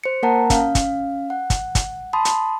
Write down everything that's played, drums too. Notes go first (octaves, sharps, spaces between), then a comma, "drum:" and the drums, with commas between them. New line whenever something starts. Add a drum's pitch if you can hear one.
C5 C#7
A#3 A#4 F#5 A5 A#5
C#4 F5, drum: kick, hi-hat
drum: kick, hi-hat
F#5
drum: kick, hi-hat
drum: kick, hi-hat
A5 B5 C6 D#6
drum: hi-hat